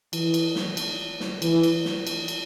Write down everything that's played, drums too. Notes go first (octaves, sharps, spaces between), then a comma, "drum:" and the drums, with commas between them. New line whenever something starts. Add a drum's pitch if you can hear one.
E3, drum: cymbal
drum: cymbal
drum: snare
drum: cymbal
drum: snare
E3, drum: cymbal
drum: cymbal
drum: snare
drum: cymbal
drum: cymbal